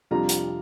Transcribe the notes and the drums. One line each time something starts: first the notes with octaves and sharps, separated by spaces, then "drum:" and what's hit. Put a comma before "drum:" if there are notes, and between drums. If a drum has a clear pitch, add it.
F2 C3 G3 D4 F4 A#5
drum: hi-hat